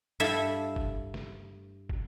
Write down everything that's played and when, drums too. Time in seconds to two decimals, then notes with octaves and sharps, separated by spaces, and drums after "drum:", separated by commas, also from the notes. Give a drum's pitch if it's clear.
0.20 G2 E4 A4 E5 F5 A5
0.76 drum: kick
1.14 drum: snare
1.89 drum: kick